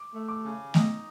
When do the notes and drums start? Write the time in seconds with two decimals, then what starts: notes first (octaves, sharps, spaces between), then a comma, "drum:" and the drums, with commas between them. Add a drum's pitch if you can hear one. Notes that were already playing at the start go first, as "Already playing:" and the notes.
Already playing: D6
0.14 A3
0.28 D6
0.44 C#3
0.74 D#4, drum: snare A3